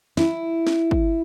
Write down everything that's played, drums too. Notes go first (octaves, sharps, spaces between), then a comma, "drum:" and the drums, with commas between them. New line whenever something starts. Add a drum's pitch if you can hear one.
E4, drum: snare
drum: snare
drum: kick